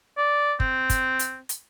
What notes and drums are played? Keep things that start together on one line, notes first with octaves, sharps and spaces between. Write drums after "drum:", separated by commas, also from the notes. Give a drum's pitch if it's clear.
D5
C4, drum: kick
drum: kick, hi-hat
drum: hi-hat
drum: hi-hat